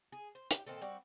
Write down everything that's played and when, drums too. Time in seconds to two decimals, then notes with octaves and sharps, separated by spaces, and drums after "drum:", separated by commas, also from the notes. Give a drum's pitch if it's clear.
0.12 G#4
0.35 C5
0.51 G4, drum: hi-hat
0.66 A#2 D#3 C4 A4
0.81 G3 C4 F#4 D5